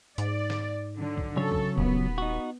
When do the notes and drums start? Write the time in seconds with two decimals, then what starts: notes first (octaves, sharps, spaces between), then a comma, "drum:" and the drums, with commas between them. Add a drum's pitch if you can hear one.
0.18 G#2 D5, drum: hi-hat
0.50 drum: snare
0.97 D3 F#3
1.17 drum: kick
1.36 C#3 F#3 A4 C#5
1.52 drum: kick
1.78 D#1 B3, drum: kick
2.18 D#4 F#4